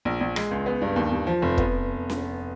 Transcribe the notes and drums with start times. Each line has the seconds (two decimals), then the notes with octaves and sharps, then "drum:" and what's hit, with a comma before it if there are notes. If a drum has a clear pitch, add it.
0.05 A#1
0.21 A#1
0.36 G#3, drum: rim click
0.51 C#2
0.66 B3
0.82 G2
0.96 D#2
1.11 D#2
1.27 F3
1.42 F1
1.58 B3, drum: kick
2.10 drum: snare C#4